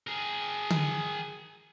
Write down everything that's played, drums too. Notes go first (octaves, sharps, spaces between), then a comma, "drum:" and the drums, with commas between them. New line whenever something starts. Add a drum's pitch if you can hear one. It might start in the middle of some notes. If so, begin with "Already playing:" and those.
G#4 A#4
drum: tom D3